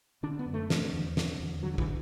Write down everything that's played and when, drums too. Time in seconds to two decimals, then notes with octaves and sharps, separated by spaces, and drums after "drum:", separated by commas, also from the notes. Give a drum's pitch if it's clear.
0.23 D3 D4
0.39 B3
0.46 F#2
0.54 A3
0.70 D3, drum: snare
0.93 E2
1.17 D3, drum: snare
1.40 E2
1.63 D3 F#3
1.74 F#3
1.78 E3, drum: kick